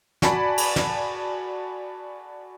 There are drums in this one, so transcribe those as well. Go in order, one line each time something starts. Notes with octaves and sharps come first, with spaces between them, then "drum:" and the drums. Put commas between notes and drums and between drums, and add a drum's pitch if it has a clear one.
F#4 D5 G#5 A5 B5, drum: snare
drum: cymbal
drum: snare